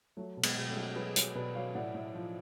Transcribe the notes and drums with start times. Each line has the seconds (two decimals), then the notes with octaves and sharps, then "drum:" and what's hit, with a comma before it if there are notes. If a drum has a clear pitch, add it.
0.17 F#3 A3
0.37 B2
0.43 G#3 B3, drum: cymbal
0.57 B2
0.70 A3 C#4
0.76 F#3
0.96 F#3 G#4 B4
1.16 F#3, drum: hi-hat
1.35 B2 B4 D5
1.55 F#3 C#5 F5
1.75 A2 D5 F#5
1.94 A2
2.14 F3